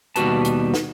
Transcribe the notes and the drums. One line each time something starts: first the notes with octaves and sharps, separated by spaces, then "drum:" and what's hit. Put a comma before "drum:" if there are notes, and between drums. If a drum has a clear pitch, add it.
D#2 B2 G3 F#4 B4 A5, drum: hi-hat
drum: hi-hat
drum: snare